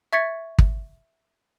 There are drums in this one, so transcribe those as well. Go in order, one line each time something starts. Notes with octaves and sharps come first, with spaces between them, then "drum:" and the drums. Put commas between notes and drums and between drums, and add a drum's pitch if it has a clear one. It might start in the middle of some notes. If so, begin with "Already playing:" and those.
E5 C#6 G#6 A6 B6 C#7
drum: kick